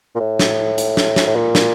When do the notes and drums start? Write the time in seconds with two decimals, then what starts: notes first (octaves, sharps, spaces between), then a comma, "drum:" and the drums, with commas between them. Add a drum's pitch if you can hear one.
0.15 A#2
0.20 A2
0.39 drum: snare
0.78 drum: hi-hat
0.97 drum: snare
1.16 drum: snare
1.27 A2
1.36 A#2
1.55 drum: snare